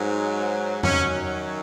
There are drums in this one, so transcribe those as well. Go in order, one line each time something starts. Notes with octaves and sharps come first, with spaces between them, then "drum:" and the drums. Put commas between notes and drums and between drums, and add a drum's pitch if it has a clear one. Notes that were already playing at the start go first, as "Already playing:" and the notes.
Already playing: G#2 F#3
F#2 D#3 F#3 C#4, drum: tom E2